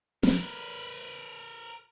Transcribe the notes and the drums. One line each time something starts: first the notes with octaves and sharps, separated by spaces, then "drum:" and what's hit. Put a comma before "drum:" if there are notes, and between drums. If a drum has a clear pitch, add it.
A#4 B4, drum: snare